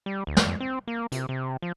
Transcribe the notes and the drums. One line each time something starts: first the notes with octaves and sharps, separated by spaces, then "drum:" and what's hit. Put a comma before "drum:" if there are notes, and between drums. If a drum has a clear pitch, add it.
G3
D2
drum: snare
F2
C4
A#3
C3, drum: hi-hat
C3
F3